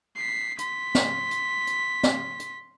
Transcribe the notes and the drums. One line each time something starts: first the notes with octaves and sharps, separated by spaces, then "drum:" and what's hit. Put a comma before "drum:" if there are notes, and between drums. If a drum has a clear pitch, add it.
B6 C7
C6 B6, drum: hi-hat
drum: snare
drum: hi-hat
drum: hi-hat
drum: snare
drum: hi-hat